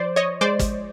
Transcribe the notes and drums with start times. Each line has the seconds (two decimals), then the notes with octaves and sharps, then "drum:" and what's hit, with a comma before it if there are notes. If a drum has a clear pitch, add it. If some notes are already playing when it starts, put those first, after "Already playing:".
Already playing: F3 C5 D5
0.16 C#5 D#5
0.41 G#3 C5 D5
0.59 drum: kick, hi-hat